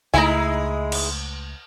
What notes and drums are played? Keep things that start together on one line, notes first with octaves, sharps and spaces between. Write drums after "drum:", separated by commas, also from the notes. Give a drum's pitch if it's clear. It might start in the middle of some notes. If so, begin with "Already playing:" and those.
C#2 G#3 A3 D#4 E4 G#5 A#5
drum: cymbal